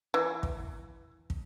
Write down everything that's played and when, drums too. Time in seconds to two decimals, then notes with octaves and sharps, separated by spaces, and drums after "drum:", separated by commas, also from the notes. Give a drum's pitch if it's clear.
0.14 E3
0.43 drum: kick
1.30 drum: kick